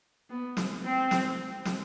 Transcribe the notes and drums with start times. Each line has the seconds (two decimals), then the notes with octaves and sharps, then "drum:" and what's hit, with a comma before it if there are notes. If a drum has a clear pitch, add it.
0.30 B3
0.57 drum: snare
0.84 C4
1.11 drum: snare
1.65 drum: snare